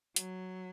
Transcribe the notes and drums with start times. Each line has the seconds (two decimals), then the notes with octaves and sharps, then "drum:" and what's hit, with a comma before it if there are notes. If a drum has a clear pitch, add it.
0.16 F#3, drum: hi-hat